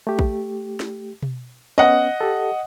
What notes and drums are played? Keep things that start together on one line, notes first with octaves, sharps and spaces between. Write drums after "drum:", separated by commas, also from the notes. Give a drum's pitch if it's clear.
A3 G4
drum: kick
drum: snare
drum: tom B2
B3 C#4 D#5 F#5
G4 A4